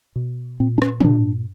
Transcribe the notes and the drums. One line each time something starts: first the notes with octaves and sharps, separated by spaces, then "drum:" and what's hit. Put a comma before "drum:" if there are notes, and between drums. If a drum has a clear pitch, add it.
B2
A#2 C4
D4
C#4, drum: rim click
C#4, drum: tom
A#2 D4